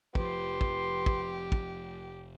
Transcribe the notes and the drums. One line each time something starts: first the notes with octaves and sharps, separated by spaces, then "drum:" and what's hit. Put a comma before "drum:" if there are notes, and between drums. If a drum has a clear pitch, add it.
F1 F3 G4 B4 C6, drum: kick
drum: kick
drum: kick
drum: kick